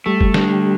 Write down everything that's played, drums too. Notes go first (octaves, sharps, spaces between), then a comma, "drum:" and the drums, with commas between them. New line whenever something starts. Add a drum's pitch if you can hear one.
G3 A3
drum: kick F1
D3, drum: snare